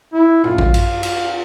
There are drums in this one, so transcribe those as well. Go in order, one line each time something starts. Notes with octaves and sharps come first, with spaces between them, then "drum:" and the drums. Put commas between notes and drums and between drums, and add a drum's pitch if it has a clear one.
E4
F4, drum: tom A#2
drum: kick A1
F4, drum: cymbal
F4, drum: cymbal